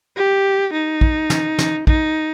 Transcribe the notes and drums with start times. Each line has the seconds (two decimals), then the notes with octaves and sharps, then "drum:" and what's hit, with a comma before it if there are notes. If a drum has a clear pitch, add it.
0.16 G4
0.73 D#4
1.01 drum: kick
1.30 drum: snare
1.58 drum: snare
1.87 D#4, drum: kick